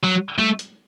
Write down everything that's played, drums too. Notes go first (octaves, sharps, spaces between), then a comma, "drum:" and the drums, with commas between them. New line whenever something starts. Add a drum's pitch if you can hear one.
F#3
A3, drum: tom
drum: hi-hat